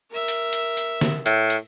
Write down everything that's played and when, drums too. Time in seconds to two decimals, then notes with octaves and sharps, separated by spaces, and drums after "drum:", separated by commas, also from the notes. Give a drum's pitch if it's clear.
0.11 A#4 E5
0.28 drum: hi-hat
0.53 drum: hi-hat
0.77 drum: hi-hat
1.01 drum: snare
1.26 A2, drum: hi-hat
1.50 drum: hi-hat